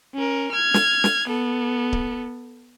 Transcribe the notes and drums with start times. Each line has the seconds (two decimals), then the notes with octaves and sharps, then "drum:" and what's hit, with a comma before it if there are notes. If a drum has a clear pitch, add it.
0.15 C#4 A#4
0.52 F6 G#6
0.74 drum: snare
1.04 drum: snare
1.28 B3 A4
1.93 drum: kick C#1